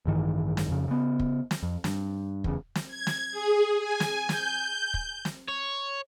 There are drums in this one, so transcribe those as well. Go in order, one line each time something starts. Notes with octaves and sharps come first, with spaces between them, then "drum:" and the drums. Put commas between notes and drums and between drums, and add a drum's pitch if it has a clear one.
A1 G2 D#3 E3
drum: snare
F2 C#3
C#3 B3
drum: kick
drum: snare
F2
G2, drum: snare
E2 C#3, drum: kick
drum: snare
G#6
drum: snare
G#4
G#5
drum: snare
G6, drum: snare
drum: kick
drum: snare
C#5